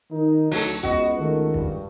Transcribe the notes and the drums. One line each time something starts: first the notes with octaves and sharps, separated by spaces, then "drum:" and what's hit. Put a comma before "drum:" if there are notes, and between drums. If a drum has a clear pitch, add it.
D#3 D#4
D2 F#3 A4, drum: open hi-hat
C#2 B3 F#4 D#5, drum: kick
D#3 A3
G2, drum: kick